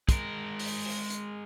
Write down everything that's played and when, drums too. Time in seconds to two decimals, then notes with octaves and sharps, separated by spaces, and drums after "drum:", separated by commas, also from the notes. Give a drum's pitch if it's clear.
0.09 G#3 A#4, drum: kick, hi-hat
0.59 drum: open hi-hat
0.85 drum: open hi-hat
1.10 drum: hi-hat